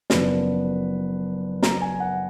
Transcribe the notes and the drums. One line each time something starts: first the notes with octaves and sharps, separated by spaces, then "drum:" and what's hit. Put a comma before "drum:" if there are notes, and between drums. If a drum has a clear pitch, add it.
F#1 F#2 F3 B3 D4 B4, drum: snare
A#5, drum: snare
G#5
F#5